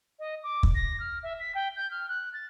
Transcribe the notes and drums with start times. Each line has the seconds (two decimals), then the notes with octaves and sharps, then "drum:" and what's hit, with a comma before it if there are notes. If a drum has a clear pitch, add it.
0.19 D#5
0.43 D6
0.63 drum: kick
0.75 A#6
1.00 F6
1.23 E5
1.40 B6
1.55 G5
1.76 G6
1.91 F6
2.09 F#6
2.33 A6